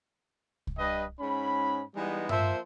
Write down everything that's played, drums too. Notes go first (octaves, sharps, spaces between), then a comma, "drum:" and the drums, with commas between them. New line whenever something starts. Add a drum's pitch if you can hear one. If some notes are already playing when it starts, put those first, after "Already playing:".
drum: kick C2
G2 G3 B4 D#5
G#2 C#4 B5
E3 G3 G#3 B3 D#4
F3 A#3 C5 E5, drum: tom G2